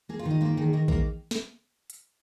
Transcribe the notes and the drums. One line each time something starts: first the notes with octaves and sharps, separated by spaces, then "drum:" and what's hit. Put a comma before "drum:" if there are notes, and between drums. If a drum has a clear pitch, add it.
A#3 G#4
F4
D#3
D#4
A#3 F4
D#3 G#4
D#3 A#4
A#3 A#4, drum: kick
drum: snare
drum: hi-hat